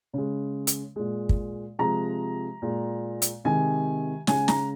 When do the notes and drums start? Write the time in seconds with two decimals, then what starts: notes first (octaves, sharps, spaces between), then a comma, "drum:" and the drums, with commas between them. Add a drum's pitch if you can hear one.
0.13 C#3 G#3
0.67 drum: hi-hat
0.96 A#2 G#3
1.29 drum: kick
1.79 C3 F3 G#3 A#5
2.62 A#2 G#3
3.22 drum: hi-hat
3.44 C3 D#3 G#3 G#5
4.27 C#3 G#3 G#5, drum: snare
4.48 A#5, drum: snare